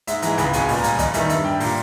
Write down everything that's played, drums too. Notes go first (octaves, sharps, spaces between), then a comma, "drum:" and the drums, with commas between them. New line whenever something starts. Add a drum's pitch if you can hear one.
G#2 E5, drum: hi-hat
E3 G#3 A#5, drum: hi-hat
C#2 B5, drum: hi-hat
B2 G#3 G#5, drum: kick, hi-hat
A#2, drum: open hi-hat
A#5
G3 G#5, drum: hi-hat
E2 D#5, drum: kick, hi-hat
D#3 G3 E5, drum: hi-hat
G2 E5, drum: hi-hat
G3 G5
A#2 A#5, drum: open hi-hat